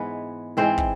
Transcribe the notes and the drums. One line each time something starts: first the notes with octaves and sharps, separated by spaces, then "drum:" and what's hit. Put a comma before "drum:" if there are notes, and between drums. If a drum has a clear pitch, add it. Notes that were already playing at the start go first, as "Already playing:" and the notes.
Already playing: G#2 E3 G#3 B3 B4
G#2 E3 G#3 C4 C5
drum: kick